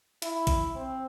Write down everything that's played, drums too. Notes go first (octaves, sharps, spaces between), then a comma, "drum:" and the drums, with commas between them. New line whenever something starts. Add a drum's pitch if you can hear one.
E4, drum: hi-hat
drum: kick A1, hi-hat
C4